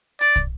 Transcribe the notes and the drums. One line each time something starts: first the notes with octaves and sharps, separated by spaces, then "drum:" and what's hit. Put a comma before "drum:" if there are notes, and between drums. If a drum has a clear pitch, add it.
D5, drum: hi-hat
drum: kick, hi-hat